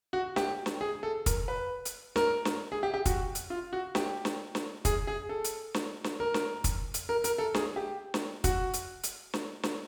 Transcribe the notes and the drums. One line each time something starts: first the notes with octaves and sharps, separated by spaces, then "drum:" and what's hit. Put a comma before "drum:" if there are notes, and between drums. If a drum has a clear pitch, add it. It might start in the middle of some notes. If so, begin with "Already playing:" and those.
F#4
G4, drum: snare
drum: snare
G#4
A4
A#4, drum: kick, hi-hat
B4
drum: hi-hat
A#4, drum: snare
drum: snare
G#4
G4
G4
F#4, drum: kick, hi-hat
drum: hi-hat
F4
F#4
G4, drum: snare
drum: snare
drum: snare
G#4, drum: kick, hi-hat
G#4
A4
drum: hi-hat
drum: snare
drum: snare
A#4
drum: snare
drum: kick, hi-hat
drum: hi-hat
A#4
A#4, drum: hi-hat
A4
G#4, drum: snare
G4
drum: snare
F#4, drum: kick, hi-hat
drum: hi-hat
drum: hi-hat
drum: snare
drum: snare